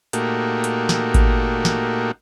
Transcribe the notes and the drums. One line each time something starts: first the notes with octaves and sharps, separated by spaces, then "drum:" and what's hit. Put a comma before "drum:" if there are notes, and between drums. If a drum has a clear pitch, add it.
A#2 A3 A#3 D#4 F#4 G4, drum: hi-hat
drum: hi-hat
drum: snare
drum: kick G#1, hi-hat
drum: snare